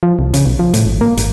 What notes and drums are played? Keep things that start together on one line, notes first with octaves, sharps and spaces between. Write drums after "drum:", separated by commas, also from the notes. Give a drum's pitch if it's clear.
F3
C2
C#3, drum: hi-hat
B1
F3
A2, drum: hi-hat
G#1
A#3
G#1, drum: hi-hat